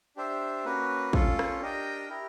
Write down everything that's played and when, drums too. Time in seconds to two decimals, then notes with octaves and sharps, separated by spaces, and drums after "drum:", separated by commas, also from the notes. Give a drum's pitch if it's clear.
0.16 D4 G4 C5 E5
0.64 A#3 C#4 F#4 B4
1.13 C#4 F4 A4, drum: kick
1.39 drum: rim click
1.61 D4 G4 A#4 D#5 G5
2.09 E4 G4 A#4